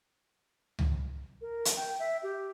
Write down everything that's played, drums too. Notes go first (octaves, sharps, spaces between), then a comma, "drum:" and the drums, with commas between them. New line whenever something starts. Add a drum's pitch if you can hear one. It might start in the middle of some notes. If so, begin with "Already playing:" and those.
drum: tom C#2
A#4
drum: hi-hat
G5
E5
G4